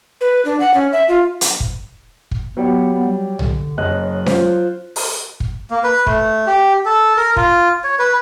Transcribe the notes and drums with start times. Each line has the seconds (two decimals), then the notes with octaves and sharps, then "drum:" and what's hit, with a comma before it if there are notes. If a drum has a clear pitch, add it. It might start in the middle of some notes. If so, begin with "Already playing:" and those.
0.21 B4
0.45 D4
0.60 F#5
0.74 C#4
0.92 E5
1.08 F4
1.41 drum: hi-hat
1.60 drum: kick
2.31 drum: kick
2.57 F#3 B3 G4 D5
2.93 B3
3.05 G3
3.39 D3, drum: tom
3.78 F#1 F#3 D#5 F#6
4.26 F4 C5, drum: snare C#4
4.96 drum: open hi-hat
5.40 drum: kick
5.70 A#3
5.84 B4
6.07 A3, drum: kick
6.47 G4
6.86 A4
7.17 A#4
7.36 F4, drum: kick
7.84 C#5
7.99 B4